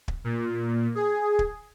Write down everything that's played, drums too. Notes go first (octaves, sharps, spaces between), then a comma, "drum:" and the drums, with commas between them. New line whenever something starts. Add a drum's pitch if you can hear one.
drum: kick
A#2
G#4
drum: kick